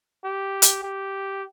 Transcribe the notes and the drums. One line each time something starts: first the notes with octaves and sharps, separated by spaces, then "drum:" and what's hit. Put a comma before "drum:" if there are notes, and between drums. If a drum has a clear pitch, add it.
G4
drum: hi-hat
G4